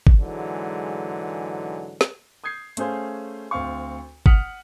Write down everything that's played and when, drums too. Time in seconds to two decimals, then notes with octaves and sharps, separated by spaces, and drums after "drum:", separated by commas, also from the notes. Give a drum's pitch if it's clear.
0.07 drum: kick G#1
0.19 G#2 D3 E3 F#3 G#3
2.01 drum: snare
2.44 D#6 G6 G#6 C7
2.77 A3 C#4 G#4 C5 F5, drum: hi-hat
3.51 D2 C4 F5 C#6
4.26 F#5 D#6 F6 B6 C#7 F#7, drum: kick G#1